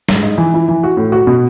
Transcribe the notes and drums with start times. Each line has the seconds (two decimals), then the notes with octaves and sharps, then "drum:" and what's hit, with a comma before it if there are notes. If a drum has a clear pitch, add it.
0.09 G#2, drum: snare
0.24 D#4
0.38 E3
0.54 E4
0.68 E3
0.84 F#4
0.97 A2
1.12 F#4
1.27 B2